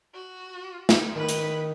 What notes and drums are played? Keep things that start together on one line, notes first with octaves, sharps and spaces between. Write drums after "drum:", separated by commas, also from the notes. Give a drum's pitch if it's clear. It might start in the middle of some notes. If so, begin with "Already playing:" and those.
F#4
drum: snare
D#3 B4
drum: hi-hat